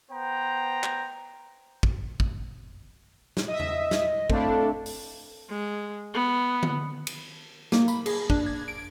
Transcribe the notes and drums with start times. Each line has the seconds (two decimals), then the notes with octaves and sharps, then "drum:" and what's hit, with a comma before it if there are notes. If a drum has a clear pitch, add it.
0.11 B3 C5 G5 A#5
0.83 drum: clap
1.83 drum: kick
2.20 drum: kick
3.37 drum: snare
3.48 D#5 E5 D#6
3.60 drum: tom E2
3.91 drum: snare
4.30 A3 C4 D4 E4 A4 F5, drum: kick
4.86 drum: open hi-hat
5.50 G#3
6.14 B3
6.63 drum: tom D3
7.07 drum: cymbal
7.72 A#3, drum: snare
7.88 B5, drum: tambourine
8.06 G#4, drum: cymbal
8.30 D4, drum: kick
8.46 G#6
8.68 D7